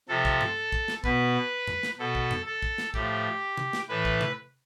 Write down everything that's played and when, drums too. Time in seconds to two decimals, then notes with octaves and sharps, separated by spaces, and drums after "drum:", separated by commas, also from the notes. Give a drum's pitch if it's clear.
0.08 C3 F3 A4
0.25 drum: kick
0.41 drum: tom G2
0.72 drum: kick
0.88 drum: snare
1.04 B2 B4, drum: kick
1.67 drum: tom E2
1.83 drum: snare
1.99 B2 A4
2.15 drum: kick
2.31 drum: tom E2
2.46 A4
2.62 drum: kick
2.78 drum: snare
2.94 A2 F3 G4, drum: kick
3.57 drum: tom C3
3.73 drum: snare
3.89 A2 E3 B4
4.05 drum: kick
4.21 drum: tom C3